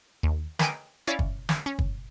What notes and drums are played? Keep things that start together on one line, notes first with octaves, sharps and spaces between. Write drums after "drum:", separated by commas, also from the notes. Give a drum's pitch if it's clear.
D#2
A#4 B4 D#5 G5 G#5 D6, drum: snare
C#4 E4 D5 F5 B5 C#6
drum: kick
drum: snare
C#4
drum: kick